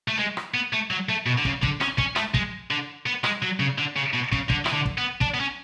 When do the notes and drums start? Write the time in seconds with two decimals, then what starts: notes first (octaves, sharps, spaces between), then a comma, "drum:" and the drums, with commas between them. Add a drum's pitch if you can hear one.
0.08 A3
0.19 G#3
0.37 drum: rim click
0.54 B3
0.73 A3
0.91 F#3
1.09 A3
1.26 B2
1.38 D3
1.45 C#3, drum: kick
1.63 D3, drum: kick
1.81 C#4, drum: rim click
1.98 C#4, drum: kick
2.16 A3, drum: rim click
2.34 G#3, drum: kick
2.71 D3
3.06 B3
3.24 G#3, drum: rim click
3.42 F#3
3.60 C#3
3.78 D3
3.96 C#3
4.13 B2
4.32 C#3, drum: kick
4.50 D3, drum: kick
4.66 E3, drum: rim click
4.73 D3
4.86 drum: kick
4.98 B3
5.21 D4, drum: kick
5.34 B3
5.40 C#4